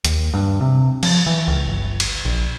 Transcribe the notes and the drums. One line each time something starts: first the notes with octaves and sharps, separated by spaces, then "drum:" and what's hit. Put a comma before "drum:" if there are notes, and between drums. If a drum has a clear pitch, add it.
D#2, drum: hi-hat
G2
C3
F3, drum: cymbal
E3
C#2
G1
drum: cymbal
A#1